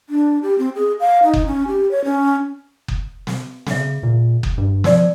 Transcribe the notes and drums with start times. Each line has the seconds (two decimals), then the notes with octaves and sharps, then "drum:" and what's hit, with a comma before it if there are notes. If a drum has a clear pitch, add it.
0.10 D4
0.43 G4
0.59 C4
0.75 G#4
1.00 F5
1.23 D#4
1.33 drum: kick F#1
1.46 C#4
1.68 G4
1.91 C#5
2.05 C#4
2.88 drum: kick F#1
3.27 drum: snare
3.67 C#3 G#4 E5, drum: snare
4.03 A#2
4.43 drum: kick F#1
4.58 G2
4.84 F3 D5 E6, drum: snare